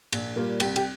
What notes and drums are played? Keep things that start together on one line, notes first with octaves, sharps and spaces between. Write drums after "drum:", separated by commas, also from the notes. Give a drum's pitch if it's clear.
A#1, drum: cymbal
A#2 G3 A#3
C2 G4, drum: cymbal
G4, drum: cymbal